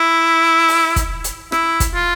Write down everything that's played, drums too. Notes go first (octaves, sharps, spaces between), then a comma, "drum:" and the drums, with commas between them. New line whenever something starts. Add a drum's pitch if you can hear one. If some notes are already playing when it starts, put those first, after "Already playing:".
Already playing: E4
drum: open hi-hat
drum: kick, hi-hat
drum: hi-hat
E4, drum: rim click
drum: kick, hi-hat
F4